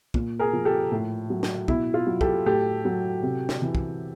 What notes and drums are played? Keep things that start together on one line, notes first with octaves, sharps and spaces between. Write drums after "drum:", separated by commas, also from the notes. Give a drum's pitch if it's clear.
A#2, drum: kick
G#4 A#4
F3
G4 A4
A2
F#3
drum: snare
B2 E4, drum: kick
F4
F#3
G4 A4, drum: kick
A2 G4 A4
F#3
C3
drum: snare
E3
drum: kick